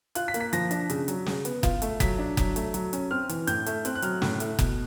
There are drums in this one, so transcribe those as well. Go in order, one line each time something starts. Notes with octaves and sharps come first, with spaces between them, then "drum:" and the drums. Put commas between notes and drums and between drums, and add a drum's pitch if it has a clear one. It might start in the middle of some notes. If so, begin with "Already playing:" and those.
F4 F#6, drum: hi-hat
B6
A#3, drum: hi-hat
B6
F3 A#6, drum: hi-hat
D4, drum: hi-hat
C#3, drum: hi-hat
F#3, drum: hi-hat
C#3, drum: snare
B3, drum: hi-hat
F4, drum: kick F#1, hi-hat
A3, drum: hi-hat
F#3 B6, drum: kick F#1, hi-hat
D4
F#3, drum: kick F#1, hi-hat
A3, drum: hi-hat
F#3, drum: hi-hat
C#4, drum: hi-hat
C4 F6
E3, drum: hi-hat
A2 G6, drum: hi-hat
A3, drum: hi-hat
C4 F#6, drum: hi-hat
F#6
F#3 F6, drum: hi-hat
A2, drum: snare
A3, drum: hi-hat
B2, drum: kick F#1, hi-hat